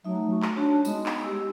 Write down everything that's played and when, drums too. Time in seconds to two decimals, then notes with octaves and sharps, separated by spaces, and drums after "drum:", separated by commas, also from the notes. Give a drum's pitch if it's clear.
0.05 F#3 A3 D#4 E5
0.30 F#4
0.42 drum: clap
0.56 D4 F#4 C#5
0.85 G#3 B3 D#4, drum: tambourine
1.06 drum: clap
1.22 G4 E6